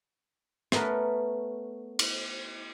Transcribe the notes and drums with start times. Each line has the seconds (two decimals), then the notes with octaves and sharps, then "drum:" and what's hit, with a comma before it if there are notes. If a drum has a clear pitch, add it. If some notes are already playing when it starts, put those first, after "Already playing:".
0.72 A3 B3 C#4 A#4 B4, drum: rim click
1.99 drum: cymbal